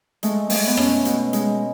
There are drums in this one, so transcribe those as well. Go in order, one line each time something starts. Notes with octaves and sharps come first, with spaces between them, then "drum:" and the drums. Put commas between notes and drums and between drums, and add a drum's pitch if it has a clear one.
G#3 A3, drum: hi-hat
G#3 A3, drum: open hi-hat
B3
B2 A3 C#4, drum: rim click
B2, drum: hi-hat
G#3, drum: hi-hat